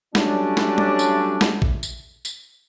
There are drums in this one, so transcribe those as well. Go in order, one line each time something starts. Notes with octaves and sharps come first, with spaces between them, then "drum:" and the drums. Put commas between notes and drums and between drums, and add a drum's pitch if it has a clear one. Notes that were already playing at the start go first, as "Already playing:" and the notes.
F#3 G3 A3 C#4 D4, drum: snare
drum: snare
drum: tom G3
drum: tambourine
drum: snare
drum: kick A1
drum: tambourine
drum: tambourine